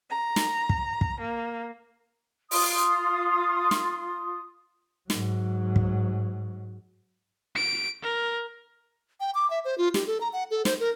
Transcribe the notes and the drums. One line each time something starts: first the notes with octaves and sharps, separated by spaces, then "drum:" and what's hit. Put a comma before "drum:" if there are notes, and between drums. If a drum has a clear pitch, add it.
A#5
drum: snare
drum: kick
drum: kick
A#3
F4 C6 D#6, drum: open hi-hat
drum: snare
G#2 F#3, drum: snare
drum: kick
D7
A#4
G5
D6
E5
C5
F4
G4, drum: snare
A4
A#5
F#5
A4
C5, drum: snare
A#4